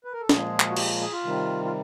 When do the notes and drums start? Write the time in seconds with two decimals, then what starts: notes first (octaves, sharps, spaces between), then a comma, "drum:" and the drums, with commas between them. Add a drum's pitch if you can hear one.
0.04 B4
0.13 A#4
0.20 A4
0.29 A#2 F3 G#3 G#4, drum: snare
0.60 drum: clap
0.69 F#4
0.77 G4, drum: cymbal
1.00 G#4
1.12 F4
1.24 C3 D#3 G3
1.65 F4